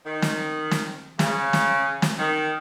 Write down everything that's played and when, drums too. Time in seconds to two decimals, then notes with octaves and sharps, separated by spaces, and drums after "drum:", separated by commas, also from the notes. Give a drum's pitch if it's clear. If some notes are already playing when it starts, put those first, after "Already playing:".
0.06 D#3
0.22 drum: snare
0.71 drum: snare
1.19 C#3, drum: snare
1.53 drum: snare
2.02 drum: snare
2.19 D#3